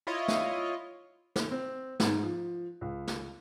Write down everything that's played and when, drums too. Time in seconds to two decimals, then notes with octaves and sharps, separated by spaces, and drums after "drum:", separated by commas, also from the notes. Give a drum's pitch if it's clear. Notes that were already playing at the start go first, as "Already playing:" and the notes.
0.07 E4 F4 C#5 D#5
0.28 drum: snare
1.36 drum: snare
1.51 C4
2.00 G#2, drum: snare
2.23 F3
2.81 C#2
3.07 drum: snare